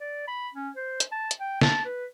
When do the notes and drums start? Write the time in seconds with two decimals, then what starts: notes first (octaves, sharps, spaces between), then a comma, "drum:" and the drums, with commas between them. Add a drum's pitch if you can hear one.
0.01 D5
0.28 B5
0.55 C#4
0.77 C5
1.00 drum: hi-hat
1.12 A5
1.31 drum: hi-hat
1.40 G5
1.61 A5, drum: snare
1.85 B4